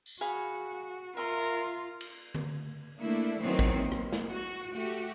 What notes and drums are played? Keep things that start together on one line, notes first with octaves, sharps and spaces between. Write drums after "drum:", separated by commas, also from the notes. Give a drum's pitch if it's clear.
drum: tambourine
F#4 G#4 F5 B5
F4 A#4 E5 C6
drum: cymbal
drum: tom D3
A3 A#3 D4 E4
D#3 E3 F#3 B3 C4
drum: kick
A#3
drum: rim click
drum: snare
F#4
A3 F#4 G4